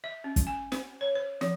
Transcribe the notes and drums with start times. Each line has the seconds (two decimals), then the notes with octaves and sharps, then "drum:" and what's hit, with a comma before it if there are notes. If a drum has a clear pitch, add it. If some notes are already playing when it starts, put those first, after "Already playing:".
0.04 E5
0.24 C#4
0.36 drum: kick, hi-hat
0.47 G#5
0.72 C5, drum: snare
1.01 C#5
1.15 C5
1.41 F3, drum: snare